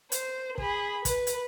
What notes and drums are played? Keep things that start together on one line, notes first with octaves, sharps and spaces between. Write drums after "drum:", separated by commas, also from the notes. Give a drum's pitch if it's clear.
C5, drum: hi-hat
G#4 B5, drum: kick
B4, drum: kick, hi-hat
drum: hi-hat